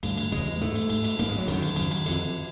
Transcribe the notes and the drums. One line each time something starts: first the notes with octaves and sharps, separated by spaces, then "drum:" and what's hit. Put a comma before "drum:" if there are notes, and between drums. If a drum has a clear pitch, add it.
G2 D3 A3, drum: cymbal
drum: cymbal
E2 C#3 G#3, drum: cymbal
G#2 A3
drum: cymbal
G#2, drum: cymbal
drum: cymbal
G#2 A#3, drum: cymbal
G#3
F#3
F#2 D3 D#3, drum: cymbal
drum: cymbal
F#2 C#3, drum: cymbal
drum: cymbal
F2 D3, drum: cymbal